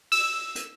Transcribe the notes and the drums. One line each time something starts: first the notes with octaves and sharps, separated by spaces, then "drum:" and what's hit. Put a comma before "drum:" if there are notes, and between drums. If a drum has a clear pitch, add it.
E6, drum: open hi-hat
drum: hi-hat